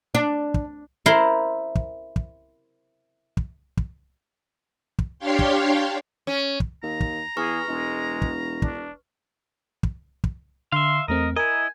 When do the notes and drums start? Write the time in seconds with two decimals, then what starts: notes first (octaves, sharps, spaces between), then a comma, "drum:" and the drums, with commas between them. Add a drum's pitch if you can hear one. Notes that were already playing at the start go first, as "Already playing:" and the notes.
0.15 D4
0.54 drum: kick
1.06 E4 A#4 C5 C6
1.75 drum: kick
2.16 drum: kick
3.37 drum: kick
3.77 drum: kick
4.99 drum: kick
5.19 D4 G4 C#5 F5 G5 C6
5.39 drum: kick
6.27 C#4
6.60 drum: kick
6.83 D#2 A#5
7.00 drum: kick
7.37 E2 G#4 B4 C#6 F6
7.68 E1 G#3
8.22 drum: kick
8.62 D4, drum: kick
9.83 drum: kick
10.24 drum: kick
10.72 D3 E5 F5 C6
11.08 E2 A3 C4 A#4 D#5
11.36 E4 A#4 D#5 G#5